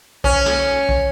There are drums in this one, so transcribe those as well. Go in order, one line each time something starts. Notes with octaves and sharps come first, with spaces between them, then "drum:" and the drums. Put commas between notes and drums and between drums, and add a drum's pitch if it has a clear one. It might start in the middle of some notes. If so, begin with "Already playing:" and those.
C#4, drum: kick B1
drum: snare
drum: kick B1